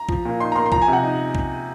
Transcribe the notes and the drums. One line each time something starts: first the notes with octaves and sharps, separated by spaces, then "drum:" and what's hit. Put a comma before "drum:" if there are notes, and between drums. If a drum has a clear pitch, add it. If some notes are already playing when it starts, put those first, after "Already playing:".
Already playing: A#5
F3, drum: kick
A#2
D#4 C6
A#5
A#3 C6
C6
F3 A#5, drum: kick
G#5
C3 F#5
D#4
drum: kick